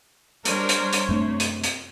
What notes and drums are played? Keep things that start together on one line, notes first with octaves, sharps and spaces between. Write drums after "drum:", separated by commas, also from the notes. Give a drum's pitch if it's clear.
G3 D4 A#4 C5 C#5, drum: hi-hat
drum: hi-hat
drum: hi-hat
F#2 C3 A3 D4
drum: hi-hat
drum: hi-hat